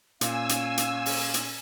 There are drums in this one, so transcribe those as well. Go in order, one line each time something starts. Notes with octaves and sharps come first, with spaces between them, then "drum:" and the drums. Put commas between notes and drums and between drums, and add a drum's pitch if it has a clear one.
A#2 C#4 F5 G#5 E6, drum: hi-hat
drum: hi-hat
drum: hi-hat
drum: open hi-hat
drum: hi-hat